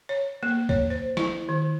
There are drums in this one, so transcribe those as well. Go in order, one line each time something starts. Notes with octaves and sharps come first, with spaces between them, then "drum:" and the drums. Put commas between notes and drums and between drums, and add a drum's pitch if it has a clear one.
C#5
A#3
C#5, drum: kick C2
C5
E4, drum: snare
D#3